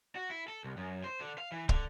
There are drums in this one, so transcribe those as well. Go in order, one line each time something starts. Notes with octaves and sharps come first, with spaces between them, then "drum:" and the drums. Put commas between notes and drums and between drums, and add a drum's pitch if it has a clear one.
F#4
E4
A4
C2
F#2
C5
D3
F5
E3
D3, drum: kick